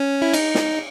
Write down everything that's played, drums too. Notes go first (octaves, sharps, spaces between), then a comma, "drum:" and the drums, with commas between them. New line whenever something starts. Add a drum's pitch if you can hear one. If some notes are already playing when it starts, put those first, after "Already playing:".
Already playing: C#4
E4
D#4, drum: cymbal
drum: snare